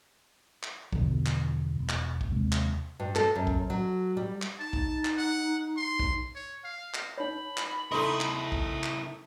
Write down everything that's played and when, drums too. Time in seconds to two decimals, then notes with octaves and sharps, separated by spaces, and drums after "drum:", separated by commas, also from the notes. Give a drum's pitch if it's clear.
0.63 drum: clap
0.93 E2 B2 D3 F3, drum: kick
1.26 drum: clap
1.77 E1
1.89 drum: clap
2.21 drum: kick
2.31 D#2 C3 G#3
2.52 drum: clap
3.00 G2
3.15 A4, drum: clap
3.36 F#2
3.47 drum: kick
3.70 F#3
4.17 G3
4.42 drum: clap
4.60 D#4 A5
4.73 drum: kick
5.05 drum: clap
5.17 F#5
5.77 C6
5.99 drum: kick
6.35 C#5
6.64 F5
6.94 drum: clap
7.18 D#4 C#5 B5
7.57 drum: clap
7.92 A3 D#4 E4 A#4 D#5 C6
8.20 drum: clap
8.52 drum: kick
8.84 drum: clap